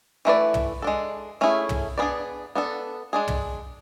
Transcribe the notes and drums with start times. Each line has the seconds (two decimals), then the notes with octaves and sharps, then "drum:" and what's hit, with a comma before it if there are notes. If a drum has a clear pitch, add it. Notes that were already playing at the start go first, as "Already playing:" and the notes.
0.25 E3 A3 E4 B4 D5
0.54 drum: tom
0.82 G#3 D4 A4
1.41 A3 C#4 E4 G#4
1.69 drum: tom
1.98 B3 D4 G#4 B4 D5
2.55 B3 D4 A4
3.13 G#3 D4 G#4
3.28 drum: tom